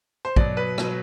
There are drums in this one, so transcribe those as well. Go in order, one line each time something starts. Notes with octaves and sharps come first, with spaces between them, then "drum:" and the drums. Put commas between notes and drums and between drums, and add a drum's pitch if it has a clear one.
C5
B2 F#3 D5, drum: kick
B4
B2 F#3, drum: rim click